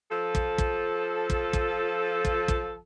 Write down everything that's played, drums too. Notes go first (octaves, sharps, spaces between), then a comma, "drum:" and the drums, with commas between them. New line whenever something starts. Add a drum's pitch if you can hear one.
F3 A4
drum: kick
drum: kick
drum: kick
drum: kick
drum: kick
drum: kick